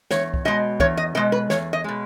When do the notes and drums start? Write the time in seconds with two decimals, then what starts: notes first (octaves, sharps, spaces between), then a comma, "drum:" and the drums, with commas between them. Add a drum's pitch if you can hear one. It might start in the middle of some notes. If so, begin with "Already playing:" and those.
0.11 E2 C#5, drum: snare
0.34 drum: kick
0.45 B2 G#3 D#5
0.80 E2 C#5, drum: kick
0.97 D#5
1.15 B2 G#3 D#5
1.32 B4
1.50 E2 C#5, drum: snare
1.73 D#5
1.84 B2 G#3